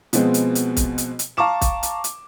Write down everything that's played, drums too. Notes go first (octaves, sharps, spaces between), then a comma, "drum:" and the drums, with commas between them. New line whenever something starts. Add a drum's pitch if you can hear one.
B2 F3 G#3 B3 C4, drum: hi-hat
drum: hi-hat
drum: hi-hat
drum: kick, hi-hat
drum: hi-hat
drum: hi-hat
F5 A5 A#5 C#6 D6 E7
drum: kick, hi-hat
drum: hi-hat
drum: hi-hat